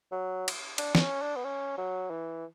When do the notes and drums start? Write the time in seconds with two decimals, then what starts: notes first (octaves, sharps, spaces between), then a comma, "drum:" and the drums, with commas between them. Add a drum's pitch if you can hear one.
0.12 F#3
0.48 drum: cymbal
0.78 D4, drum: cymbal
0.95 D4, drum: snare
1.00 C#4
1.22 D4
1.36 B3
1.44 C#4
1.78 F#3
2.10 E3